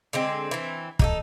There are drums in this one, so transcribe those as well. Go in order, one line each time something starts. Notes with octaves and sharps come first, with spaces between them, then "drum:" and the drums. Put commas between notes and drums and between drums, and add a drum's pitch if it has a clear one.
D3 G#3 C4
E3 C4
D#4 G4 A4, drum: kick